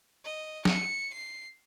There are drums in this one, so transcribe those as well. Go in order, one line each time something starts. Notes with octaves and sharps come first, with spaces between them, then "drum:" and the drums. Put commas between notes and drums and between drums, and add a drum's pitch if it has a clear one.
D#5
C#7, drum: snare
C7